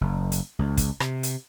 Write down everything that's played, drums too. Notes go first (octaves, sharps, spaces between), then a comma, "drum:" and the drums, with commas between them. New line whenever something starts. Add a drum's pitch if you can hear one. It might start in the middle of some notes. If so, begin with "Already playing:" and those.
F#1
drum: hi-hat
C#2
drum: kick, hi-hat
C3, drum: rim click
drum: hi-hat